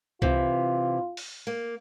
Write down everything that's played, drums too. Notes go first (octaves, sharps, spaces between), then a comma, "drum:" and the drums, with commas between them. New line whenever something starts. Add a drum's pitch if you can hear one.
C3 E3 F4, drum: kick C2
drum: open hi-hat
A#3